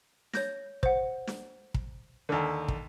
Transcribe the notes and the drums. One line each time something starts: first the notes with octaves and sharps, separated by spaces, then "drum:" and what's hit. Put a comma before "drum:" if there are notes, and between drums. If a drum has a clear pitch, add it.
C#5 G6 A#6, drum: snare
C5 F#5, drum: kick
drum: snare
drum: kick
D#2 D3
drum: kick